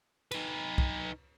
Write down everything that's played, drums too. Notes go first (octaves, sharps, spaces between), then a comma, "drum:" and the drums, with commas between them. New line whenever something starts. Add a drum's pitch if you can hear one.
D#4 B4, drum: cymbal
drum: kick B1